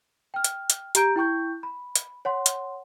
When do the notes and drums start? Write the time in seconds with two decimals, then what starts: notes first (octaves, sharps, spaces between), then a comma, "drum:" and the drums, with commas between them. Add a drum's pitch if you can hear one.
0.34 G5 F6
0.44 drum: hi-hat
0.70 drum: hi-hat
0.95 G4 A#5 G6 D7, drum: hi-hat
1.16 E4 G5 C#6 G6
1.63 B5
1.95 drum: hi-hat
2.25 C#5 F#5 C6
2.46 drum: hi-hat